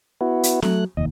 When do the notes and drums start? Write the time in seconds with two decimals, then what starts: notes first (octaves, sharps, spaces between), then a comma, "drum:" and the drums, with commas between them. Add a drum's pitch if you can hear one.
0.21 B3 E4 F#4
0.43 drum: hi-hat
0.62 F#3 A3 F#6, drum: snare
0.97 F1 D#2 D#5